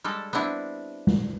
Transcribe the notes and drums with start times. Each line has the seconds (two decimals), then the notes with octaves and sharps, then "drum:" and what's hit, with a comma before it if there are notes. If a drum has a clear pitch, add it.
0.04 G3 G#3 A4
0.33 B3 C4 D4 E4
1.07 drum: tom G#3